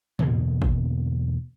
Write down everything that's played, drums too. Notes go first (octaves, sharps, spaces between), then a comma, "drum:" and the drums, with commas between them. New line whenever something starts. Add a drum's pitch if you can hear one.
E2 B2 D3 A#3, drum: tom
drum: kick G#1